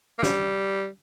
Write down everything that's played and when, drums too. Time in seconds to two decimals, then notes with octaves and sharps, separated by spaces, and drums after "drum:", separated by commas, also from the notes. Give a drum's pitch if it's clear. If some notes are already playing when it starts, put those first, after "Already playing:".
0.19 A#3
0.23 G3, drum: snare